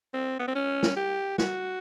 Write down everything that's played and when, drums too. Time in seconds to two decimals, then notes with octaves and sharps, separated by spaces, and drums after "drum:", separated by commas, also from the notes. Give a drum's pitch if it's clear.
0.14 C4
0.39 B3
0.48 C4
0.55 C#4
0.83 drum: snare
0.96 G4
1.38 F#4, drum: snare